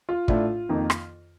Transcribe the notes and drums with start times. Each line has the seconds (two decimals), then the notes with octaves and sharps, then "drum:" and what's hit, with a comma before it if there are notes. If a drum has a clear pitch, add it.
0.09 F4
0.28 A2 A3 D4 F4, drum: kick
0.69 F2 D#3 A#3 D#4
0.90 drum: rim click